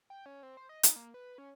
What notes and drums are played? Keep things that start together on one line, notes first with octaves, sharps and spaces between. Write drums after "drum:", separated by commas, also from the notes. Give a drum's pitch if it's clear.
G5
C#4
C4
C5
D#5
D#4, drum: hi-hat
A#3
B4
C#4